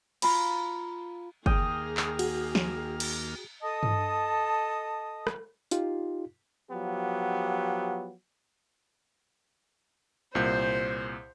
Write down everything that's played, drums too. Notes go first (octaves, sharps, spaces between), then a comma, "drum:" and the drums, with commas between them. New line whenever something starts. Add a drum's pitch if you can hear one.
F4 A#5 B5, drum: cymbal
D#2 A#3 G#4 G5 D#6 F6, drum: kick
drum: clap
F#4, drum: cymbal
drum: snare
drum: cymbal
A4 D#5 A5 D#6
drum: tom G2
drum: rim click
D#4 F4 G4, drum: hi-hat
F3 F#3 B3 G4
C2 A#2 C5 G6